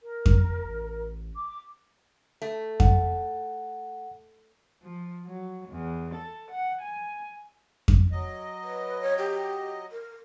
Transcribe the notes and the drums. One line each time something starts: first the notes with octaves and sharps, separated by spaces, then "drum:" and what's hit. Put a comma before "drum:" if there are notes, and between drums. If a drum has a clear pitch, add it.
A#4
drum: kick F2
A1
D6
A3
F#5, drum: kick F2
F3
F#3
E2
A4
F#5
G#5
drum: kick F2
F#3 D#5
B4
C#5
G4
A#4